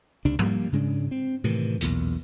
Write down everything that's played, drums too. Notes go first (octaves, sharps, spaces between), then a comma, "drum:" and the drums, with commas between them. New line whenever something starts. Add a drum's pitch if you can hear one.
C#2 C3 D4
F3 G3 A#3, drum: tom G#2
G#2 C#3 G#3 D4
C4
A2 C3 D#3 E3
B1 E2 A#2, drum: hi-hat